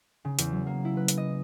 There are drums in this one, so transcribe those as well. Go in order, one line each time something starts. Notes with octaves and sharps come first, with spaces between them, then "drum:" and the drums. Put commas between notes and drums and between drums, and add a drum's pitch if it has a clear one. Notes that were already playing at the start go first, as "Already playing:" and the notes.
C#3
E2, drum: hi-hat
F#3
A#3
E4
B4
drum: hi-hat
D#5